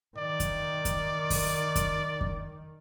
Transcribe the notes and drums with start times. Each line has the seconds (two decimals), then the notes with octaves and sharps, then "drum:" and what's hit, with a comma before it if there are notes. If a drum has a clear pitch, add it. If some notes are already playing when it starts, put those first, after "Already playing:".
0.17 D#3 D5
0.40 drum: kick F2, hi-hat
0.85 drum: kick F2, hi-hat
1.30 drum: kick F2, open hi-hat
1.76 drum: kick F2, hi-hat
2.21 drum: kick F2